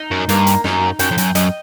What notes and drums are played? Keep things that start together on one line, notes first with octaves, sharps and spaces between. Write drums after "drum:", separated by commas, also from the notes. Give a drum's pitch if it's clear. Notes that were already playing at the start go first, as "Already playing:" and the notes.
Already playing: D#4
F#2
G2 A#3, drum: hi-hat
drum: hi-hat
F#2 D#4, drum: snare
F#2 G5, drum: hi-hat
F2
F#2, drum: hi-hat
F#2 D#5, drum: hi-hat